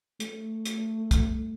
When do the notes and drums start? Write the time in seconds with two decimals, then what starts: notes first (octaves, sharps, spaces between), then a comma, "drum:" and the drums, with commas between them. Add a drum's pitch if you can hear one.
0.20 A3, drum: hi-hat
0.65 drum: hi-hat
1.11 drum: kick, hi-hat